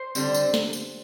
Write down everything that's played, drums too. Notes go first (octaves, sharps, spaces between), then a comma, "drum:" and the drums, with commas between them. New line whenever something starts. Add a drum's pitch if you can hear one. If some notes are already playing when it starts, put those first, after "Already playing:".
Already playing: C5
D3 G3 C4, drum: tambourine
drum: tambourine
drum: snare
drum: tambourine